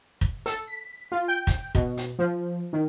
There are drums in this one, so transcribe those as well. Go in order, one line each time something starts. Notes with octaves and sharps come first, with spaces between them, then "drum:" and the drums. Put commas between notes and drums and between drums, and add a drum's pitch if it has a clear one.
drum: kick
A4, drum: hi-hat
B6
F4
G5
drum: kick, hi-hat
B2, drum: kick
drum: hi-hat
F3
D#3